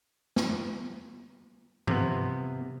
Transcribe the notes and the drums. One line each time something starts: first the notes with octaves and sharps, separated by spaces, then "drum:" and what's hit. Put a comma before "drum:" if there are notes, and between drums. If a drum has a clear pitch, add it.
drum: snare
C3 F3 B3, drum: tom G2